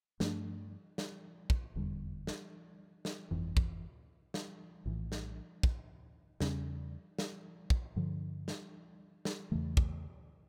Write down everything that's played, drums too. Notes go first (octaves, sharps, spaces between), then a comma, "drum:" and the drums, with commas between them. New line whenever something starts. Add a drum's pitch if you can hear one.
G2 F3 A3 D4, drum: snare
drum: snare
drum: kick
F1 E2 D3 G3
drum: snare
drum: snare
G1 F2 E3
drum: kick
drum: snare
A#1 A2 E3
drum: snare
drum: kick
E2 C#3 G3 C#4, drum: snare
drum: snare
drum: kick
G2 D3 F3
drum: snare
drum: snare
E2 C#3 E3 A3
drum: kick